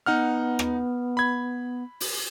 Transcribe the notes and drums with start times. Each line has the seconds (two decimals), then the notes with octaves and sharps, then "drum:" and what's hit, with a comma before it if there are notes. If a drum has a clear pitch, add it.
0.06 B3 D#4 F#5 F6
0.59 drum: rim click
1.17 B5 G#6
2.00 drum: open hi-hat